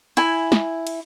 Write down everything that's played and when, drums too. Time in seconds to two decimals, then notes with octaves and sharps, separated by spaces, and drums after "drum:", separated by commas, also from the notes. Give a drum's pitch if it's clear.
0.17 E4 G#5, drum: cymbal
0.52 drum: snare
0.87 drum: cymbal